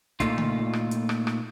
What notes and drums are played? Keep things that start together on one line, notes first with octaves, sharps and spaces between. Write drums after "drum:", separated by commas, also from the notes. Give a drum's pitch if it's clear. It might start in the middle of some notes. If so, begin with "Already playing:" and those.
A#2 A3 D#4 F4, drum: kick, hi-hat
drum: tom C#3
drum: rim click
drum: hi-hat
drum: rim click
drum: rim click